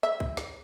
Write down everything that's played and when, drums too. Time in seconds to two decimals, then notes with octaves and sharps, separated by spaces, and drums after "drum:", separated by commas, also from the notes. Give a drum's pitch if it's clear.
0.03 E5
0.20 drum: kick
0.37 drum: snare